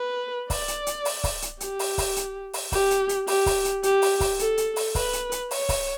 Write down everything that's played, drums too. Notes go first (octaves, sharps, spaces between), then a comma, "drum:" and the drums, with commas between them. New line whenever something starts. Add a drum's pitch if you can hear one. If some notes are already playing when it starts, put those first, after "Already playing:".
Already playing: B4
D5, drum: kick C#1, open hi-hat
drum: hi-hat
drum: hi-hat
drum: open hi-hat
drum: kick C#1, open hi-hat
drum: hi-hat
G4, drum: hi-hat
drum: open hi-hat
drum: kick C#1, open hi-hat
drum: hi-hat
drum: open hi-hat
G4, drum: kick C#1, open hi-hat
drum: hi-hat
drum: hi-hat
G4, drum: open hi-hat
drum: kick C#1, open hi-hat
drum: hi-hat
G4, drum: hi-hat
drum: open hi-hat
drum: kick C#1, open hi-hat
A4, drum: hi-hat
drum: hi-hat
drum: open hi-hat
B4, drum: kick C#1, open hi-hat
drum: hi-hat
drum: hi-hat
C#5, drum: open hi-hat
drum: kick C#1, open hi-hat